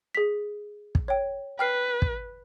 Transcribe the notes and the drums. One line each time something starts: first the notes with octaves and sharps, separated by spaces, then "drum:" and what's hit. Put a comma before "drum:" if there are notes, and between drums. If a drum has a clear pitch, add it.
G#4 B6
drum: kick
C#5 G5
B4 G5 F6 C7
drum: kick